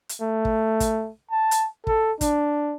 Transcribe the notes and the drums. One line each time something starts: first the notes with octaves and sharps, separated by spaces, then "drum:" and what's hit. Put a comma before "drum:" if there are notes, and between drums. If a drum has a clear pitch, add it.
drum: hi-hat
A3
drum: kick
drum: kick, hi-hat
A5
drum: hi-hat
A4, drum: kick
D4, drum: kick, hi-hat